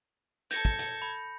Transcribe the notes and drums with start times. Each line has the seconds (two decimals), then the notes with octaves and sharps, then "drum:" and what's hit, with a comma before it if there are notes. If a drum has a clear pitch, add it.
0.51 A4 G6 G#6 A#6 C#7, drum: hi-hat
0.65 drum: kick
0.79 drum: hi-hat
1.02 B5